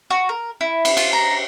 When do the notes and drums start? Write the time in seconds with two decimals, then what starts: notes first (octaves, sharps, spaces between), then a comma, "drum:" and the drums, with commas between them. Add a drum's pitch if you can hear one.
0.11 F#4
0.29 A#4
0.61 E4
0.85 drum: cymbal
0.97 F4, drum: cymbal
1.13 A#5